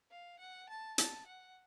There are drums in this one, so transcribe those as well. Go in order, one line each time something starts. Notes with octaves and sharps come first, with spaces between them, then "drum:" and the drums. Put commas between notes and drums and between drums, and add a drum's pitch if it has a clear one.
F5
F#5
A5
A5, drum: hi-hat
F#5